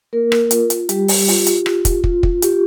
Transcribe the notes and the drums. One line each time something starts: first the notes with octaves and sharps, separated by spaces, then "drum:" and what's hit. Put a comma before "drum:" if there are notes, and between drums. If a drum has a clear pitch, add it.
A#3 A#4
drum: rim click
F4, drum: hi-hat
drum: hi-hat
G3 G4, drum: hi-hat
drum: open hi-hat
F4, drum: open hi-hat
drum: hi-hat
F4, drum: rim click
drum: kick, hi-hat
F4, drum: kick
drum: kick
F4 G4, drum: hi-hat